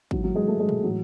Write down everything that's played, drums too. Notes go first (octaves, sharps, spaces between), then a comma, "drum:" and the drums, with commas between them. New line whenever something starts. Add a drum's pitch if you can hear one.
G#1 G#2 E3 F#3, drum: kick
F#3
G#3
A3
G#3
drum: tom A#2
A2 E3 F#3